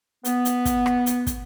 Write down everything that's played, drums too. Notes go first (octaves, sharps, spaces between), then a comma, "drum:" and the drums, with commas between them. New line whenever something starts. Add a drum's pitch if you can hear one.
B3, drum: hi-hat
drum: hi-hat
drum: kick, hi-hat
drum: rim click
drum: hi-hat
drum: kick, hi-hat